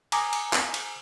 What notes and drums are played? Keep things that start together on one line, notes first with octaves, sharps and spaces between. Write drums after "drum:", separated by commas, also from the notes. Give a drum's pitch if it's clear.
G#5 A#5 D6 D#6, drum: cymbal
drum: cymbal
drum: clap
drum: cymbal